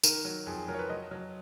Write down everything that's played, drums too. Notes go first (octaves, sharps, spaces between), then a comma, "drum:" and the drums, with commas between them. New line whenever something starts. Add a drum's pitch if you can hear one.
D#3 A#4, drum: tambourine
F#3
F2 G#4
G#4
F#3 A#4
C#5
B4
F#3 D#5
F#3